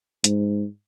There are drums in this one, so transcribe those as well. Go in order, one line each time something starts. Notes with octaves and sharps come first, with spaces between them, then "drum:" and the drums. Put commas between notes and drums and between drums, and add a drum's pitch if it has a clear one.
G#2, drum: hi-hat